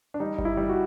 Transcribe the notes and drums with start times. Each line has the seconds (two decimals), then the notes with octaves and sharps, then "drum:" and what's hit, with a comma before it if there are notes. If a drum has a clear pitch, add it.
0.14 D4
0.20 G3 D#4
0.38 G3, drum: kick G1
0.45 E4
0.57 G3
0.69 F#4